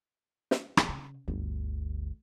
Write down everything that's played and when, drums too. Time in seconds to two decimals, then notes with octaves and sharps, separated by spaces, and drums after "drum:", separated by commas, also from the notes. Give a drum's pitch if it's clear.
0.51 drum: snare
0.77 drum: rim click
0.88 C#3
1.28 G1 D2